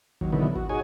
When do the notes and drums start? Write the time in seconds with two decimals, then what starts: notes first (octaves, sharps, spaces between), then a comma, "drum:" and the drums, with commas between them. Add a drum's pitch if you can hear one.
0.21 D#2 F#3, drum: kick G#1
0.32 B2 D3 D#3 F#3 B3 E4
0.56 F#4, drum: kick G#1
0.69 D#4 F#4 G#4 C#5 G#5